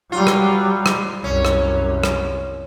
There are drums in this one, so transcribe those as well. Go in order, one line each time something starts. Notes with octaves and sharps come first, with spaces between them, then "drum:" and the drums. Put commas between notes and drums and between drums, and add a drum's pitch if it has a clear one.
F#3 G3 F4
drum: rim click
drum: rim click
C2 F#2 C#4
drum: rim click
drum: rim click